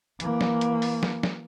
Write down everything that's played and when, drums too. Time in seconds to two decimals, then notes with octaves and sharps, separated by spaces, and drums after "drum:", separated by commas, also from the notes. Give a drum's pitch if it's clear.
0.20 E3 A#3, drum: hi-hat
0.41 drum: snare
0.61 drum: hi-hat
0.82 drum: open hi-hat
1.03 drum: snare
1.23 drum: snare